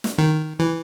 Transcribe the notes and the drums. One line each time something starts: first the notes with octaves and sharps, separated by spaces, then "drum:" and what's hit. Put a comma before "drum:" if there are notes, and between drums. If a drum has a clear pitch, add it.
drum: snare
D#3
E3